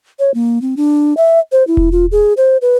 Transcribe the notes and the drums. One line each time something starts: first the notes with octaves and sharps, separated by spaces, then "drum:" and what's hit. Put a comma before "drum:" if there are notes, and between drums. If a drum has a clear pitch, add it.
C#5
A#3
C4
D4
E5
C5
E4
drum: kick E1
F4
G#4
C5
B4